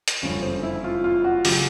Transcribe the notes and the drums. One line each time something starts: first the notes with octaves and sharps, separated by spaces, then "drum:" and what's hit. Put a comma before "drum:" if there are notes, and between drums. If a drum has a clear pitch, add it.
drum: hi-hat
F#1 F2 D3 G3 C#4
C4
E4
F4
F4
F#4
C#3 F#3 G4, drum: open hi-hat